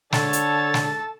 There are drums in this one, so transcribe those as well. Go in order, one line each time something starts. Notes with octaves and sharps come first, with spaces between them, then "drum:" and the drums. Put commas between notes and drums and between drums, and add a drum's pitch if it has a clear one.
D3 A4 C#5 A5 A6, drum: snare
drum: hi-hat
drum: snare